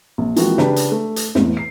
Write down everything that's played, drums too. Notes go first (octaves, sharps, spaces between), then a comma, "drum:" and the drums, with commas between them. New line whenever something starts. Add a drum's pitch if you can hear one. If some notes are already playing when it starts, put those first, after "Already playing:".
A#1
E3 F3 G#3 A#3 C4 F#4, drum: hi-hat
C#3 D4 G4 B4, drum: snare
drum: hi-hat
A3
drum: hi-hat
A1 E2, drum: snare
C7